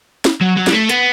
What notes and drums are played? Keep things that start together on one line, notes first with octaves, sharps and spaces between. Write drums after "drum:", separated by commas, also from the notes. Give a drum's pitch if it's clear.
drum: snare
F#3
F#3
G3, drum: snare
A3
B3, drum: hi-hat